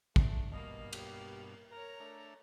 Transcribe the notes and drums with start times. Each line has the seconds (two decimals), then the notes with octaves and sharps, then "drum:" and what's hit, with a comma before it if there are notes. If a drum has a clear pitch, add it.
0.16 A3 D4, drum: kick
0.52 G2 B2 A#3 D#5 F5
0.93 G4, drum: cymbal
1.71 A#4 C#5 A#5
2.00 A3 D4